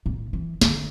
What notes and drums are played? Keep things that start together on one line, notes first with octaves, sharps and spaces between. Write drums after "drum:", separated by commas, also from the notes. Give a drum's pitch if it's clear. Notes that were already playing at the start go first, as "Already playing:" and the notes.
A2
E3
D3, drum: snare